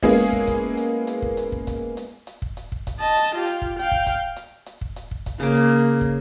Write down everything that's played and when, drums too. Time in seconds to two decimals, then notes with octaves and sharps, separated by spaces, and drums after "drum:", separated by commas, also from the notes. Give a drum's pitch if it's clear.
0.03 G#3 A#3 B3 C#4 E4 G#4, drum: kick
0.17 drum: hi-hat
0.32 drum: kick
0.47 drum: kick, hi-hat
0.77 drum: hi-hat
1.07 drum: hi-hat
1.22 drum: kick
1.37 drum: hi-hat
1.52 drum: kick
1.67 drum: kick, hi-hat
1.97 drum: hi-hat
2.27 drum: hi-hat
2.42 drum: kick
2.57 drum: hi-hat
2.72 drum: kick
2.87 drum: kick, hi-hat
3.00 D#5 A5
3.17 drum: hi-hat
3.35 F4 G4
3.47 drum: hi-hat
3.62 drum: kick
3.79 F5 G5, drum: hi-hat
3.92 drum: kick
4.06 drum: kick, hi-hat
4.36 drum: hi-hat
4.66 drum: hi-hat
4.81 drum: kick
4.96 drum: hi-hat
5.11 drum: kick
5.26 drum: kick, hi-hat
5.40 C#3 A#3 D6
5.56 drum: hi-hat
6.01 drum: kick